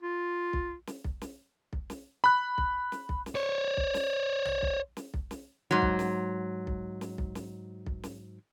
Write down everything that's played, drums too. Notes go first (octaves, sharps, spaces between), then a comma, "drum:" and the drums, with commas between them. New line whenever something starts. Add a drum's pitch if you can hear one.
F4
drum: kick B1
drum: snare
drum: kick B1
drum: snare
drum: kick B1
drum: snare
B5 F#6
drum: kick B1
drum: snare
drum: kick B1
drum: snare
C5 C#5
drum: kick B1
drum: snare
drum: tom A#1
drum: kick B1
drum: snare
drum: kick B1
drum: snare
G#2 F#3
drum: kick B1
drum: snare
drum: kick B1
drum: snare
drum: kick B1
drum: snare
drum: kick B1
drum: snare